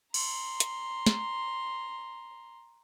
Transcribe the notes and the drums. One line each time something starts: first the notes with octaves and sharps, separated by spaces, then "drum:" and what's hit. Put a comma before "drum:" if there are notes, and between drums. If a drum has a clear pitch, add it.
A#5 C6, drum: cymbal
drum: hi-hat
drum: snare